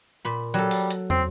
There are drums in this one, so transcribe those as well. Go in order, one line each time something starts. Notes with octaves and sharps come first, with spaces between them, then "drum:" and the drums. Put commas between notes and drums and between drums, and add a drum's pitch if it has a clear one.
A#2 B5
F#3 G3 A4
drum: open hi-hat
drum: hi-hat
C4, drum: tom